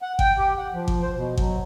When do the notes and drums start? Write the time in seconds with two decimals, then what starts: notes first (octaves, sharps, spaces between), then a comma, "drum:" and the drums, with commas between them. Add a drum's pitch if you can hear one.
0.02 F#5
0.19 G5, drum: kick G#1
0.38 G4
0.58 F#5
0.73 F3
0.88 drum: kick G#1
1.02 C5
1.16 B2
1.37 F#3, drum: kick G#1